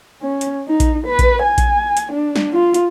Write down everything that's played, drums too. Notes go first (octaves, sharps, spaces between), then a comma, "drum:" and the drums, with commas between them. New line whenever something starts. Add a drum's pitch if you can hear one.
C#4
drum: hi-hat
D#4
drum: kick A#1, hi-hat
B4
drum: kick A#1, hi-hat
G#5
drum: kick A#1, hi-hat
drum: hi-hat
D4
drum: snare
F4
drum: hi-hat